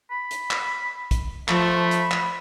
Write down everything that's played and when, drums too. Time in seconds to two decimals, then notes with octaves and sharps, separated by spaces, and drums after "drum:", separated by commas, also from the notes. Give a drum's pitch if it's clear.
0.11 B5
0.31 drum: hi-hat
0.51 drum: clap
1.11 drum: kick, hi-hat
1.48 F3 A3 B5, drum: clap
1.91 drum: hi-hat
2.11 drum: clap